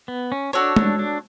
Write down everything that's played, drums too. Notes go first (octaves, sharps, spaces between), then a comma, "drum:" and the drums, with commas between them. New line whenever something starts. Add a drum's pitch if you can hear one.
B3
C#4
D4 F#4 A4 C#5
D4, drum: tom G#3
D4